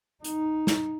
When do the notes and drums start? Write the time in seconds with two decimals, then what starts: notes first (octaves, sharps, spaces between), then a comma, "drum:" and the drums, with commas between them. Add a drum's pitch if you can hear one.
0.24 D#4, drum: hi-hat
0.67 drum: snare